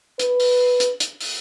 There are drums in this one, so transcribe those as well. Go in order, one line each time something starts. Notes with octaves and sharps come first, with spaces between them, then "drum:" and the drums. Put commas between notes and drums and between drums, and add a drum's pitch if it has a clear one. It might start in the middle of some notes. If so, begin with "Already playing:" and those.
B4, drum: hi-hat
drum: open hi-hat
drum: hi-hat
drum: hi-hat
drum: open hi-hat